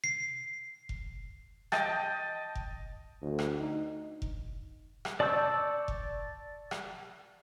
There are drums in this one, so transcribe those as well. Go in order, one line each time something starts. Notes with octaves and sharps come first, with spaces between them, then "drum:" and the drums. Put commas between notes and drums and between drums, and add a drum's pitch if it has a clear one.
C7
drum: kick F1
D#5 G5 A5, drum: rim click
drum: kick F1
D2
drum: rim click
D#4
drum: kick F1
drum: rim click
D5 A5 C#6 E6 G6
drum: kick F1
drum: rim click